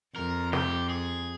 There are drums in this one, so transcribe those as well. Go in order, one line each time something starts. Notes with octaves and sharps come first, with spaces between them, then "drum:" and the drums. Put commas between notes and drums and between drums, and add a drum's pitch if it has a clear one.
F2 A#4
G4, drum: snare
G#4